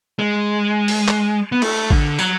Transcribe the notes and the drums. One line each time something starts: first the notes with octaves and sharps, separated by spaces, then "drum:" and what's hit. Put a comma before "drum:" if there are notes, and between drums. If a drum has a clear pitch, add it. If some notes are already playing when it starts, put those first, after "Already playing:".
G#3
drum: open hi-hat
drum: clap
B3
A3, drum: cymbal
D3, drum: kick A1
F#3, drum: tambourine